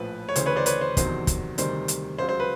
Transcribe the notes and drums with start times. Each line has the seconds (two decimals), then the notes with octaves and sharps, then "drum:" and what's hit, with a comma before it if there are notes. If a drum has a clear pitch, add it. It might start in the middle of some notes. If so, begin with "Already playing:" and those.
Already playing: A#1 A2 F3 B4
0.29 C#5
0.36 D2 C#3 E3 C5, drum: hi-hat
0.46 B4 C#5
0.56 C5 D5
0.66 B4 C#5, drum: hi-hat
0.81 C5
0.97 E2 C3 D#3 F#3 C5, drum: kick, hi-hat
1.27 drum: kick, hi-hat
1.58 D2 C3 D#3 G3 C5, drum: hi-hat
1.88 drum: hi-hat
2.18 C#2 C#3 F#3 C5
2.29 C5
2.40 B4